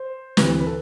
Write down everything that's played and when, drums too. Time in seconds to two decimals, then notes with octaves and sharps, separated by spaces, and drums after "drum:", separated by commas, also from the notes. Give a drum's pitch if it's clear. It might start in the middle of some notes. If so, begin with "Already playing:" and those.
Already playing: C5
0.37 D2 C3 E3 B4, drum: snare
0.60 B4
0.67 A4